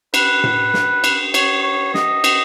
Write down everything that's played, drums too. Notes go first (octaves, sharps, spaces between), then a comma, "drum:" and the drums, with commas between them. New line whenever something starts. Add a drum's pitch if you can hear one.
B4, drum: cymbal
drum: tom A2
drum: snare
drum: cymbal
C#5, drum: cymbal
C#5
D#5, drum: snare
drum: cymbal